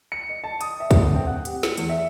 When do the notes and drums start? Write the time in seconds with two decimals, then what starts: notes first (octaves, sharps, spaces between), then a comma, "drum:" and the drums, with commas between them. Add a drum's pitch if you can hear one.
0.12 C#7
0.29 D#5
0.44 A5
0.61 D#6, drum: hi-hat
0.80 E5
0.91 drum: kick, hi-hat
1.01 D2
1.15 C4
1.27 F#5
1.45 G4, drum: hi-hat
1.63 C#7, drum: snare
1.77 E2, drum: hi-hat
1.89 E5